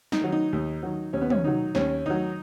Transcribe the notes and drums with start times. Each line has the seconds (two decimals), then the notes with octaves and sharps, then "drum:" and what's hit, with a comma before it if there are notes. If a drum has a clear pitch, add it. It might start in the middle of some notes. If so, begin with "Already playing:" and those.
0.12 D#4, drum: snare
0.21 D#3 F#3
0.32 D#4
0.53 D#2
0.83 D#3 F#3
1.13 D#2 C#4
1.21 B3
1.30 C#4, drum: tom
1.44 D#3 F#3 D#4
1.75 D#2 C#4, drum: snare
2.06 D#3 F#3 D#4